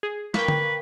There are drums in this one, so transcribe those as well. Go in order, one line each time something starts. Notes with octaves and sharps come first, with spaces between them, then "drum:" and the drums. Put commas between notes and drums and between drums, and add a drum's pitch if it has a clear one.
G#4
A#3 B4 G5 C#6, drum: snare
drum: tom D3